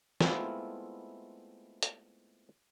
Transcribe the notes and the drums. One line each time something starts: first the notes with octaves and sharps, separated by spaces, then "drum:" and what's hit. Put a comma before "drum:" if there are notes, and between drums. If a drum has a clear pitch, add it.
G#3 A3 B3 C4 E4 F4, drum: snare
drum: hi-hat